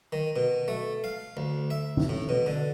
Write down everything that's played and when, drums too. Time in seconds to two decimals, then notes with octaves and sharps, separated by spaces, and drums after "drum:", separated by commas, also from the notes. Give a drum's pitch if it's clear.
0.12 D#3
0.36 B2
0.68 A3
1.04 F5
1.37 D2
1.70 E5
1.97 drum: tom
2.09 A2
2.29 B2
2.46 D3